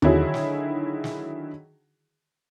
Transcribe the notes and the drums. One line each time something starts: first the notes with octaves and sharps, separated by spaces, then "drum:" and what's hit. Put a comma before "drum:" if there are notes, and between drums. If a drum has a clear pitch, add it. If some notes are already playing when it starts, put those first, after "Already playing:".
D3 D#3 F#3 E4 F#4 G#4, drum: tom D#2
drum: snare
drum: snare